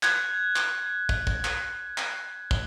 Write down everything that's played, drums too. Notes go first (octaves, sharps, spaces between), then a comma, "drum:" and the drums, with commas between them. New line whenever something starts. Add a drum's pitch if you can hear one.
F#6 G#6, drum: clap
drum: clap
drum: kick
drum: kick
drum: clap
drum: clap
drum: kick